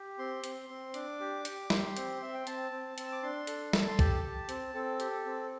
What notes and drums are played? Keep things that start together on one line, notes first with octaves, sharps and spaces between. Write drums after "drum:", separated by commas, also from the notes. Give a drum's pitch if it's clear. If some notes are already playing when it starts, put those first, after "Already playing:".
Already playing: G4
C4 C6
C4, drum: hi-hat
C4
D4 D6, drum: hi-hat
G4
G4, drum: hi-hat
G4 C6, drum: snare
C4, drum: hi-hat
C4 E5
G5
C4 A5, drum: hi-hat
C4
C4 E6, drum: hi-hat
D6
D4 C6
A4, drum: hi-hat
A4, drum: snare
C6
G4 A5, drum: kick B1, hi-hat
G4
C4, drum: hi-hat
C4 A4
G4, drum: hi-hat
C4